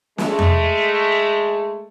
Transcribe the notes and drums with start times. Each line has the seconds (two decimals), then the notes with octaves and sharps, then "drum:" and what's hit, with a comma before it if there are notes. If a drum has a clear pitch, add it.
0.18 G#3 A3, drum: snare
0.39 drum: tom E2